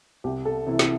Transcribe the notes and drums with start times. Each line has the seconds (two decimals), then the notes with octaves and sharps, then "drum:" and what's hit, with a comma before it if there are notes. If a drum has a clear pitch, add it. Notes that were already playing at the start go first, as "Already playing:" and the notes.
0.24 C2 G4
0.45 A4
0.67 C3 E3
0.79 E4, drum: snare